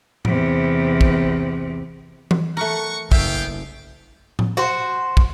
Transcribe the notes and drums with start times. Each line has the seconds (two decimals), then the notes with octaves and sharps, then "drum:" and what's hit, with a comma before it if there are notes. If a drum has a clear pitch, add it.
0.25 E2 C3, drum: tom A2
1.01 drum: kick
2.31 drum: tom E3
2.57 A3 A#4 F#5 C#6
3.12 F#1 F#2 B3 E5 F5 G5, drum: kick
4.39 drum: tom A2
4.57 F#4 C5
5.17 drum: kick